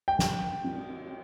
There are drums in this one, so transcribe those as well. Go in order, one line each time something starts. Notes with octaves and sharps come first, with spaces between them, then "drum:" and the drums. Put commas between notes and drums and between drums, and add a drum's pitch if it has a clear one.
G5
drum: snare
drum: cymbal